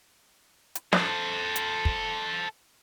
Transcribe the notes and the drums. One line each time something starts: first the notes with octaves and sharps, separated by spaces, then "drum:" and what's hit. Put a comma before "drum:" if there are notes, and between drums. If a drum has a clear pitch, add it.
drum: hi-hat
A4 C5, drum: snare
drum: hi-hat
drum: kick